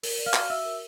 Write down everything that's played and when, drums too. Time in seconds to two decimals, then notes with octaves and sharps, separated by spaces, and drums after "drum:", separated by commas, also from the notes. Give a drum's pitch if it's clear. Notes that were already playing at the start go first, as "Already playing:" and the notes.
0.03 A#4, drum: open hi-hat
0.19 D5
0.26 F5 F6
0.34 F#4, drum: clap
0.49 F#4 E5 E6
0.65 A#4